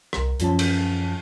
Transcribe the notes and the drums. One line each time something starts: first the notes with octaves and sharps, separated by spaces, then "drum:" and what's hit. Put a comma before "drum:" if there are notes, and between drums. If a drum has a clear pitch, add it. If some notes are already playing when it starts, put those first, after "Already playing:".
C2 A#4, drum: rim click
F#2 F3 C#4 A5, drum: hi-hat
drum: cymbal